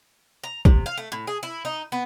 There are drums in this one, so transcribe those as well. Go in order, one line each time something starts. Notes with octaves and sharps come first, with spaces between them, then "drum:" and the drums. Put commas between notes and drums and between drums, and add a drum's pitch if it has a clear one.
A#5
C3, drum: kick
F5
A3
A2
G#4
E4
D#4
B3